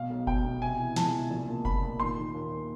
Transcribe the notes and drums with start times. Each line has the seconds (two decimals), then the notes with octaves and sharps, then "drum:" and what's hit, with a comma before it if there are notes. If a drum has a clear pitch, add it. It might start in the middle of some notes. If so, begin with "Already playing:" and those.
Already playing: B2 F5
0.10 B1
0.27 B1 G5, drum: kick F#1
0.44 B2
0.62 C3 G#5
0.79 E3
0.96 C#2 A5, drum: snare
1.13 C3
1.30 A#1
1.48 A#2
1.65 A#2 B5, drum: kick F#1
1.83 A#2
1.99 D#3 C6
2.17 D#3
2.34 D#2
2.51 D#2